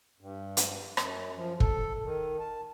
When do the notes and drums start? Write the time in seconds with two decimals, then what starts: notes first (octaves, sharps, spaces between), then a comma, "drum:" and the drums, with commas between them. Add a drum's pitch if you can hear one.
0.21 G2
0.57 drum: hi-hat
0.97 F#2, drum: rim click
1.36 F3
1.60 A4, drum: kick
2.04 D#3
2.39 A5